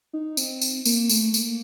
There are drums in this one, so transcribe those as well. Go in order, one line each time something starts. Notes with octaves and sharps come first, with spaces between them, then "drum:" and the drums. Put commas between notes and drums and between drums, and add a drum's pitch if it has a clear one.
D#4
C4, drum: tambourine
drum: tambourine
A#3, drum: tambourine
A3, drum: tambourine
A#3, drum: tambourine